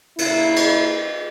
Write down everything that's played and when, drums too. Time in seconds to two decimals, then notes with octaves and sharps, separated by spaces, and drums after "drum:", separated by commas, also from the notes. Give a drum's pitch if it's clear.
0.18 A#2 C#3 E4, drum: cymbal
0.56 drum: cymbal